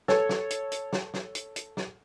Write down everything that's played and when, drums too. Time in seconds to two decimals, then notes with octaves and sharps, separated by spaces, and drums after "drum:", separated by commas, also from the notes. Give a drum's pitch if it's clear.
0.08 A4 C#5, drum: snare
0.29 drum: snare
0.50 drum: hi-hat
0.72 drum: hi-hat
0.93 drum: snare
1.14 drum: snare
1.35 drum: hi-hat
1.56 drum: hi-hat
1.77 drum: snare